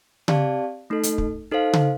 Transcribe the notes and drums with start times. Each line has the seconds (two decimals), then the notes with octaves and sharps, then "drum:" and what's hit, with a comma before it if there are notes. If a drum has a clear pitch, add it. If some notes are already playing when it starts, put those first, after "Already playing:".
0.28 C4 G4 D5 F5 A5, drum: tom C#3
0.90 A3 D#4 A4
1.03 drum: hi-hat
1.18 drum: kick
1.51 D#4 A4 C5 F5
1.73 drum: tom C#3